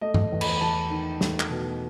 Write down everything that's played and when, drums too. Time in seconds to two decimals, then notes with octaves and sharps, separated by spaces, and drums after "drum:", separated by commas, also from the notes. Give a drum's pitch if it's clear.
0.01 A3 D#5
0.14 drum: tom G2
0.32 E2
0.41 B5, drum: cymbal
0.61 E2 A5
0.90 D#3
1.21 A3, drum: snare
1.40 drum: clap
1.50 B2